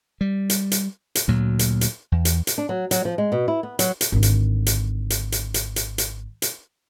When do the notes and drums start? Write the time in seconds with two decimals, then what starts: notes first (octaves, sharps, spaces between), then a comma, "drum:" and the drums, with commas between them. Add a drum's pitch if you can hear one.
0.21 G3
0.50 drum: hi-hat
0.72 drum: hi-hat
1.15 drum: hi-hat
1.28 D2 A#2 F#3
1.59 drum: hi-hat
1.81 drum: hi-hat
2.12 E2
2.25 drum: hi-hat
2.47 drum: hi-hat
2.58 D4
2.69 F#3
2.91 F#3, drum: hi-hat
3.05 F3
3.18 G#3
3.32 B2
3.48 E4
3.63 B3
3.79 F#3, drum: hi-hat
4.01 drum: hi-hat
4.12 G#1 D3
4.23 drum: hi-hat
4.66 drum: hi-hat
5.10 drum: hi-hat
5.32 drum: hi-hat
5.54 drum: hi-hat
5.76 drum: hi-hat
5.98 drum: hi-hat
6.42 drum: hi-hat